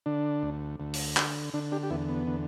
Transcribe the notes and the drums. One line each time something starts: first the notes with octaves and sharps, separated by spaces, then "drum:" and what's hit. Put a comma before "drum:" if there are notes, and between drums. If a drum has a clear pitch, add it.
D3 D4
D2
D2
drum: open hi-hat
D3, drum: clap
D3 D4
D4 G4
G4
E2 B3 E4
B3
D3